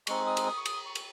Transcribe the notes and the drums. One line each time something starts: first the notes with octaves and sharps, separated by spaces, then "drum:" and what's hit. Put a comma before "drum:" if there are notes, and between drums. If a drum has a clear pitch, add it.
G#3 C4 D#4 C#6, drum: cymbal
D#6
drum: cymbal
D#6
C#6
D#6, drum: cymbal
C#6
drum: cymbal